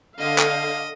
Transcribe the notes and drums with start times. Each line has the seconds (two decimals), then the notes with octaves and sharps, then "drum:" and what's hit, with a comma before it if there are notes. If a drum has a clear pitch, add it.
0.19 D3 D#5 F5
0.38 drum: clap